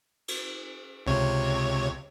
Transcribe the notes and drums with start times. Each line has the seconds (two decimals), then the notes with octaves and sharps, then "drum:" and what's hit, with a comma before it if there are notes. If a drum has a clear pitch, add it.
0.28 drum: cymbal
1.07 C#2 C3 C#5